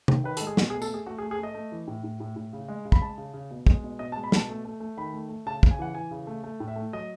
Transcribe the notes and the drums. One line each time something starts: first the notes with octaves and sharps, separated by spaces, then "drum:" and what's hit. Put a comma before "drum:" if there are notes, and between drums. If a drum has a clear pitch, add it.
D#3, drum: tom
D#3 B4
G#3 A4, drum: hi-hat
G#4
B2 F#4, drum: snare
G#4
A3
A4, drum: tambourine
A3 G#4
A3 F#4
G#4
A3
G#4
A3 D#5
A3
E3
A2
A2
A2
A2
C#3
G#3
C#3
B5, drum: kick
G#3 A5
C#3
C#3
B2
G#3, drum: kick
B2
B2 D#5
A5
G#3
B5
B2 A5, drum: snare
A3
A3
A3
D#3 B5
A3
A3
C#3 A5
C#3, drum: kick
G#5
E3 F#5
E3 G#5
C#3
A3
A3
A2
E5
A3
F#3 D#5